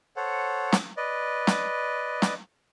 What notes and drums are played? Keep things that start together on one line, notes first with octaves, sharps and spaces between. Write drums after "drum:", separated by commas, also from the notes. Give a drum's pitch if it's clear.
A4 C5 C#5 F#5
drum: snare
B4 D5 D#5
drum: snare
drum: snare